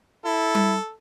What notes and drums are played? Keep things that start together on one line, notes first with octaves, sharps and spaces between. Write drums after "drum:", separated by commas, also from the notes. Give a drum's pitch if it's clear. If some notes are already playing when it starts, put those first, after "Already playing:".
E4 A4
drum: tom G3